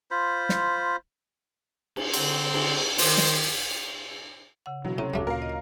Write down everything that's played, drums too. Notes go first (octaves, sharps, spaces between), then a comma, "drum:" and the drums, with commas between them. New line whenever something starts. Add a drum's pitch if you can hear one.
F4 C5 B5
drum: snare
drum: cymbal
D3 C4, drum: cymbal
drum: cymbal
D#3 C5, drum: open hi-hat
drum: snare
C#3 F#5
B2 E3 F#3
A2 C3 C#4 C#5 A#5
E1 D2 G2 G3 A3 F#4 D6
A#2 A#4 F5
D#5